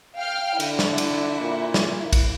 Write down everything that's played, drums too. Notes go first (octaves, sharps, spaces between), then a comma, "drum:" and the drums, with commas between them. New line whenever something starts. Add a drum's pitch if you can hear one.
F5 G5 F6
D3 E4, drum: cymbal
drum: snare
drum: cymbal
A#2
drum: snare
drum: kick A#1, cymbal